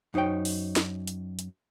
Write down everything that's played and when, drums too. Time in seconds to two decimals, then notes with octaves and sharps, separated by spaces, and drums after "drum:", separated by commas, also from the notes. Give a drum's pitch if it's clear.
0.14 F#2 D#4 C5 C#5 G5
0.45 drum: open hi-hat
0.76 drum: snare
1.07 drum: hi-hat
1.39 drum: hi-hat